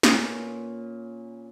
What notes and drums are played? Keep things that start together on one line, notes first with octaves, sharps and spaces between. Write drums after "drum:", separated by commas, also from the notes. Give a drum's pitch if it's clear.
A#2 C#4 B4, drum: snare